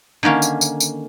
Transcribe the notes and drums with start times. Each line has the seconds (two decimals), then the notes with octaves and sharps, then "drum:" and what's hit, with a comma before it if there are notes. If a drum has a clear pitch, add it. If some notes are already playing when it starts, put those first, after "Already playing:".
0.23 D3 D#3 A#3 C#4
0.42 drum: tambourine
0.61 drum: tambourine
0.80 drum: tambourine